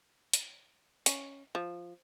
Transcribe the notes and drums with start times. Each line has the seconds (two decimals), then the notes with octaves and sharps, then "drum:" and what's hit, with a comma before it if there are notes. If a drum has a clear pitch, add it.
0.33 drum: hi-hat
1.06 C#4, drum: hi-hat
1.55 F3